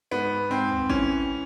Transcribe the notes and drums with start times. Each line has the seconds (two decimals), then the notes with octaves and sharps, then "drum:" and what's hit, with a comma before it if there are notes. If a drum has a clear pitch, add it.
0.11 G#2 B3
0.50 G#2 C4
0.68 drum: tom
0.89 E3 C#4, drum: kick G#1